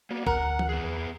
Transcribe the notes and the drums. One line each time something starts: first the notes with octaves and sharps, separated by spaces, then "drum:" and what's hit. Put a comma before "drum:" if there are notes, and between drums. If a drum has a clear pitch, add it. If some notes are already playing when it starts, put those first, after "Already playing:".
A#3 B3 F#4 D5
D2 A#4 F#5 F#6, drum: kick
drum: tom E3
B3 G#4
E2 B4